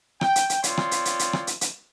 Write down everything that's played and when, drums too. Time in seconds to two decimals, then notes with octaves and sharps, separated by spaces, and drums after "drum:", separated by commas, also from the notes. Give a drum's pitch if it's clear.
0.21 G5, drum: rim click
0.36 drum: hi-hat
0.50 drum: hi-hat
0.63 C4 F4 C#5 D5 C6, drum: hi-hat
0.77 drum: rim click
0.91 drum: hi-hat
1.05 drum: hi-hat
1.19 drum: hi-hat
1.33 drum: rim click
1.47 drum: hi-hat
1.61 drum: hi-hat